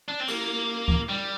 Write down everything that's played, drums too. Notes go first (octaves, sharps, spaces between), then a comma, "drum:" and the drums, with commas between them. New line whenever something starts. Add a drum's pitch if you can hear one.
D4
C4
A#3, drum: cymbal
drum: kick D2
G3